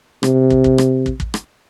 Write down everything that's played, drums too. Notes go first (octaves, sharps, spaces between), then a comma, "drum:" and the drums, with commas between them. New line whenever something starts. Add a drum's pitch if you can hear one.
C3, drum: rim click
drum: kick
drum: kick
drum: rim click
drum: kick
drum: kick
drum: rim click